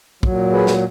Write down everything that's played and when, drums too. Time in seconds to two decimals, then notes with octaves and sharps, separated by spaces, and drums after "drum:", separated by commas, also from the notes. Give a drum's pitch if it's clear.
0.23 A#2 F#3, drum: kick
0.52 G#4 B4
0.67 drum: snare